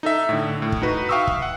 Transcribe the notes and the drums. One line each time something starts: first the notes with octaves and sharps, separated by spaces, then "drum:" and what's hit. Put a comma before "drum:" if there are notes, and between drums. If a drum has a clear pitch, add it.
D#4 A4 E5
A2 D3
A2
drum: kick
D#4 F#4 B4
E5 F5 G5 C#6 D#6 E6
drum: kick
F#5